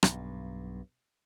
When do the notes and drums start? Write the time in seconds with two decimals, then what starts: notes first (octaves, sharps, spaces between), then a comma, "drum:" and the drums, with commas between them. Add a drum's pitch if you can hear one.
0.03 B1 G2, drum: rim click